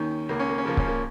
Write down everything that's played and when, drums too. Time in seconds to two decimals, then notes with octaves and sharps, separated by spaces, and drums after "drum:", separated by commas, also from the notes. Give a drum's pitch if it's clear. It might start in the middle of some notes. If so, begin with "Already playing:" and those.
Already playing: D#2 D#3 C#4
0.29 C#2 A#3
0.39 C#4
0.49 A#3
0.58 C#4
0.64 C#3 F3 A#3
0.77 C#4, drum: kick C#1
0.88 A#3